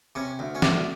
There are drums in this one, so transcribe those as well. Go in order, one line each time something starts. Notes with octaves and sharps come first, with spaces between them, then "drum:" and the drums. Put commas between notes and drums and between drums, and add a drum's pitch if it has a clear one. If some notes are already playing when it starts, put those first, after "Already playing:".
C3 C#4
D2
C#4
D2 D4, drum: snare